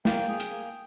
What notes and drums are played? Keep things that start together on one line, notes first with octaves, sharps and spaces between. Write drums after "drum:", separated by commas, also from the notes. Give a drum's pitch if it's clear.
A#3 G5, drum: snare
G#4
drum: hi-hat
A#3